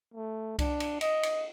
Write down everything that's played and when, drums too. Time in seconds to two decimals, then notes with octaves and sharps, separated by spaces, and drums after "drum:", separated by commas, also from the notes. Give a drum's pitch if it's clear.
0.14 A3
0.59 D4, drum: kick C2, cymbal
0.80 drum: cymbal
1.01 D#5, drum: cymbal
1.23 drum: cymbal